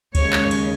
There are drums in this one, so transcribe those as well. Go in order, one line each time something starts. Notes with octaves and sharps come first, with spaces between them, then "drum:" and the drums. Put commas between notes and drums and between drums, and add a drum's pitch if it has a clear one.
D#2 C#3 G#3 C#5, drum: kick C#2, cymbal
drum: clap
drum: cymbal